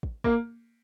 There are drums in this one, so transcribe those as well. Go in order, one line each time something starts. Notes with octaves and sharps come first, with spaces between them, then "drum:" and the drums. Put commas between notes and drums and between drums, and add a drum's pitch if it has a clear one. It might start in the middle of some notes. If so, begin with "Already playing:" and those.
drum: kick
A#3, drum: kick